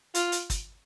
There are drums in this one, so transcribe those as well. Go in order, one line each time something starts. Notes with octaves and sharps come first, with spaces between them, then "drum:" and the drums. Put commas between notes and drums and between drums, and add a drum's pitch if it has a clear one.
F4, drum: hi-hat
drum: hi-hat
drum: kick, hi-hat